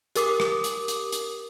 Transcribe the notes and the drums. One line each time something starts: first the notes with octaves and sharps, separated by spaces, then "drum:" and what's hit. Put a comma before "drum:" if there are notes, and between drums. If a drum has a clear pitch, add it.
G4 A#4 D6 D#6, drum: hi-hat
drum: rim click
drum: hi-hat
drum: hi-hat
drum: hi-hat